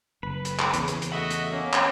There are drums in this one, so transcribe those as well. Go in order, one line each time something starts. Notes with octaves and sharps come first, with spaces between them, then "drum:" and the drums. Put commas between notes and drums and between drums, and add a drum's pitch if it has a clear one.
F#1 B4
drum: hi-hat
drum: clap
E2 C#3, drum: hi-hat
drum: hi-hat
drum: hi-hat
A3 F#4 D#5 E5 F#5
drum: hi-hat
A#3 C#4
drum: clap